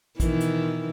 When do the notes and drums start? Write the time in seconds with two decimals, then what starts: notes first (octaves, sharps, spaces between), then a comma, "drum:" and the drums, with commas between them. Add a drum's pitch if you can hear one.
0.20 B2 D#3 E3, drum: kick, hi-hat
0.40 drum: hi-hat